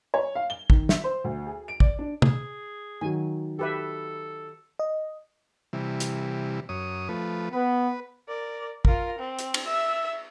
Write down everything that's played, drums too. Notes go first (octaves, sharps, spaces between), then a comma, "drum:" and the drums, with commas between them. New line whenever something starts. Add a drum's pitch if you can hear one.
C#5
F5
G7
D#3, drum: kick
E5, drum: snare
C5
D2
G#4
D7
D5, drum: kick
D4
G#4, drum: tom
D#3 F#3 G#5
G4 A4 B4 E5
D#5
C3 E3 G3
drum: hi-hat
F#2 C#5 D#6
F3 A3 B4
B3 B4
A#4 D5
F4 A#4, drum: kick
C4
drum: hi-hat
drum: cymbal
E5 E6